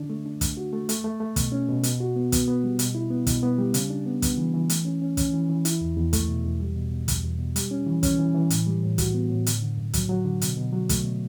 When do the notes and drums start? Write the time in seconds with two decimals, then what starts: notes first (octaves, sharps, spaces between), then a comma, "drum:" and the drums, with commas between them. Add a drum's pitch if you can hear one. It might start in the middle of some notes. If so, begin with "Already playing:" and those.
Already playing: D3 D4
0.10 A3
0.25 D4
0.41 A3, drum: kick, hi-hat
0.57 F#4
0.73 A3
0.89 A3, drum: hi-hat
1.04 A3
1.20 A3
1.36 B2, drum: kick, hi-hat
1.52 C#4
1.68 B2
1.83 B2, drum: hi-hat
2.00 F#4
2.16 B3
2.32 B3, drum: kick, hi-hat
2.48 B3
2.64 G3
2.79 B2, drum: hi-hat
2.95 E4
3.10 B3
3.27 B2, drum: kick, hi-hat
3.43 B3
3.58 G3
3.74 C#3, drum: hi-hat
3.90 D4
4.06 B3
4.22 B3, drum: kick, hi-hat
4.38 E3
4.54 E3
4.70 A3, drum: hi-hat
4.85 C#4
5.02 C#4
5.17 C#4, drum: kick, hi-hat
5.33 E3
5.49 E3
5.65 E4, drum: hi-hat
5.81 E2
5.97 E2
6.13 A3, drum: kick, hi-hat
6.29 B2
6.45 E2
6.60 G3
6.76 B2
6.92 B2
7.08 E2, drum: kick, hi-hat
7.24 E2
7.39 B2
7.56 G3, drum: hi-hat
7.71 C#4
7.87 E3
8.03 C#4, drum: kick, hi-hat
8.19 E3
8.35 E3
8.50 A2, drum: hi-hat
8.67 G3
8.83 A2
8.98 F#4, drum: kick, hi-hat
9.14 B3
9.30 A2
9.46 D3, drum: hi-hat
9.62 D3
9.78 F#2
9.93 F#3, drum: kick, hi-hat
10.09 F#3
10.25 D3
10.41 B2, drum: hi-hat
10.57 B2
10.73 F#3
10.89 A3, drum: kick, hi-hat
11.04 B2